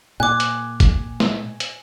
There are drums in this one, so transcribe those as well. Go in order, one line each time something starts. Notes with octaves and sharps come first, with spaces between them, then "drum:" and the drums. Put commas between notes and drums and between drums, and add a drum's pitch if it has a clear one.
A#2 G#5 D6 F#6
drum: hi-hat
drum: kick G1, hi-hat
drum: snare
drum: hi-hat